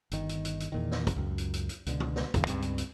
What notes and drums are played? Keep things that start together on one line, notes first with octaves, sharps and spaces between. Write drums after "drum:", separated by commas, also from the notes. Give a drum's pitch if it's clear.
G1 D#3, drum: hi-hat
drum: hi-hat
drum: hi-hat
drum: hi-hat
E2 A#2 D#3
drum: snare
drum: kick, hi-hat
C#2 F#2
drum: hi-hat
drum: hi-hat
drum: hi-hat
C#2 B2 D3, drum: hi-hat
drum: tom D3
drum: snare
A1 E2 G2 D3, drum: kick, hi-hat
C#2 G2 C4, drum: hi-hat
drum: hi-hat
drum: hi-hat